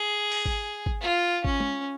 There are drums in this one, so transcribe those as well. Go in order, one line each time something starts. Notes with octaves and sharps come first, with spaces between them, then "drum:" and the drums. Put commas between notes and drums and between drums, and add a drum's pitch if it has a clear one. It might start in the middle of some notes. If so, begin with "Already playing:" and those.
Already playing: G#4
drum: open hi-hat
drum: kick G#1
drum: kick G#1
F4
C#4, drum: kick G#1
drum: tom G#3